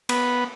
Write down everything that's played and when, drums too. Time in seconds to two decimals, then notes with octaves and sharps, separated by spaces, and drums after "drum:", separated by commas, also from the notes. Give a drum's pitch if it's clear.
0.09 B3, drum: cymbal